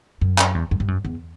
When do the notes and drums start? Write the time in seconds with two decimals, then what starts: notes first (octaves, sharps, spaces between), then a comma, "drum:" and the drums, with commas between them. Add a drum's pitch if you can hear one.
0.21 F#2
0.38 drum: clap
0.55 E2
0.71 F#2
0.80 G2
0.88 F#2
1.05 E2